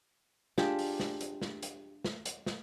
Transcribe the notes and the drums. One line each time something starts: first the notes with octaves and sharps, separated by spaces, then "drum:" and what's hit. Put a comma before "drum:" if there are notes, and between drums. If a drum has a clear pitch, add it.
D4 F4 G4 G#4, drum: snare
drum: open hi-hat
drum: snare
drum: hi-hat
drum: snare
drum: hi-hat
drum: snare
drum: hi-hat
drum: snare